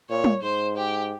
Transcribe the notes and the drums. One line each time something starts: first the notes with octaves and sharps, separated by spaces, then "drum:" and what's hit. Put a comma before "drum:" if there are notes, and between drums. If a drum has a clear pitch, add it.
A#2 C#5
drum: tom
G#2 C5
G4